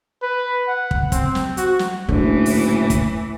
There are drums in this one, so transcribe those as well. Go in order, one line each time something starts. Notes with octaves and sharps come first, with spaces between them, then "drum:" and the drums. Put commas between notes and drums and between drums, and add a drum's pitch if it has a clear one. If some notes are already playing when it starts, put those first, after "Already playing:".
B4
F#5
drum: kick
C4, drum: kick, hi-hat
drum: snare
F#4, drum: hi-hat
drum: snare
F#1 A2 D3 E3
drum: open hi-hat
drum: kick, hi-hat